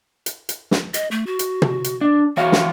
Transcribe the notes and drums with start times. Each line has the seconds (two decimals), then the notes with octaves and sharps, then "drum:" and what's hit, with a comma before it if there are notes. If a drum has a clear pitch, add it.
0.26 drum: hi-hat
0.49 drum: hi-hat
0.71 drum: snare
0.94 D#5, drum: hi-hat
1.11 A3
1.27 F#4
1.39 drum: hi-hat
1.62 drum: tom
1.84 drum: hi-hat
2.01 D4
2.37 E3 F#4 C#5 F5
2.52 drum: snare